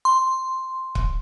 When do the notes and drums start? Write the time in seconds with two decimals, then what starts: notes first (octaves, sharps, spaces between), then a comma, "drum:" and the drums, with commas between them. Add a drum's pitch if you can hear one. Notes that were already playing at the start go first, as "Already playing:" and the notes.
0.05 C6
0.95 drum: kick